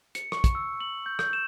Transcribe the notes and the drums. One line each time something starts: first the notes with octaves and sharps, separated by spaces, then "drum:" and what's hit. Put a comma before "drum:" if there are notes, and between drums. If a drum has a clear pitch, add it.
C#7, drum: hi-hat
C#6, drum: rim click
drum: kick, hi-hat
E6
F#7
G6
G6, drum: rim click
E7